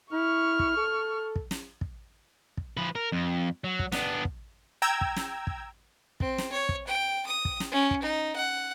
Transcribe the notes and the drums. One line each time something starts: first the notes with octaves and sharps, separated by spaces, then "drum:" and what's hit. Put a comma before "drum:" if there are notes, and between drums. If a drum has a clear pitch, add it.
E4 C#6 F6
drum: kick
A4
drum: kick
drum: snare
drum: kick
drum: kick
F3 B4
A#4
F2
F#3
drum: kick
B3 D4, drum: snare
drum: kick
G5 A#5 E6 G#6
drum: kick
drum: snare
drum: kick
C4, drum: kick
drum: snare
C#5
drum: kick
G5
D#6
drum: kick
drum: snare
C#4
drum: kick
D#4
F#5